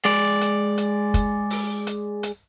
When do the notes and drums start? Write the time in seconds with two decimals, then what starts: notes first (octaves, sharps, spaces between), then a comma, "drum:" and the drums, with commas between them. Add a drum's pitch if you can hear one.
0.05 G#3 D5, drum: open hi-hat
0.41 drum: hi-hat
0.78 drum: hi-hat
1.14 drum: kick, hi-hat
1.50 drum: open hi-hat
1.87 drum: hi-hat
2.23 drum: hi-hat